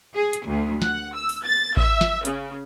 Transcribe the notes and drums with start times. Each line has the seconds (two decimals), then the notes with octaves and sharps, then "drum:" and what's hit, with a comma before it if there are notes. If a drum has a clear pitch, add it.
0.14 G#4
0.33 drum: hi-hat
0.46 D2
0.82 F#5, drum: snare
1.15 E6
1.29 drum: open hi-hat
1.44 A6
1.77 E5, drum: kick A1
2.01 drum: snare
2.25 C#3, drum: hi-hat